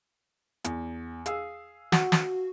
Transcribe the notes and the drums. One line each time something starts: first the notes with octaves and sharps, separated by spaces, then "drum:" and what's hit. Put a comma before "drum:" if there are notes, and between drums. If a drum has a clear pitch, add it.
E2, drum: hi-hat
G#4 F5 E6, drum: hi-hat
F#4, drum: snare
drum: snare